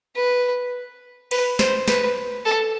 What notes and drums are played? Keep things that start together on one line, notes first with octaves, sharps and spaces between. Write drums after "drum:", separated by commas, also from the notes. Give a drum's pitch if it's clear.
B4
B4, drum: cymbal
C5, drum: snare
B4, drum: snare
A4